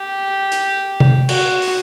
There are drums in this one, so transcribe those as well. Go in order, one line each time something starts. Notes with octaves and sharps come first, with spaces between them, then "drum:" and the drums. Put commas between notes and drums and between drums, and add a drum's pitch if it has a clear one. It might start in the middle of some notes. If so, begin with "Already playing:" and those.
Already playing: G4
drum: hi-hat
drum: tom C3
F#4, drum: cymbal
drum: open hi-hat